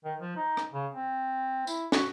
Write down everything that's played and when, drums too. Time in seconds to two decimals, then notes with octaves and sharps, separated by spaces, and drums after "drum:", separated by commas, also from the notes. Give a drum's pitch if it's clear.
0.05 D#3
0.19 F3
0.37 D#4
0.57 drum: rim click
0.73 C#3
0.93 C4
1.67 E4, drum: tambourine
1.92 F#4, drum: snare